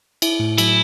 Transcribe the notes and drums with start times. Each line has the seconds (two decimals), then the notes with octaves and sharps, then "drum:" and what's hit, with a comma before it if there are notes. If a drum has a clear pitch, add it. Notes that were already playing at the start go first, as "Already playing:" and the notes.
0.22 E4, drum: cymbal
0.40 A2
0.58 F#3 E4, drum: cymbal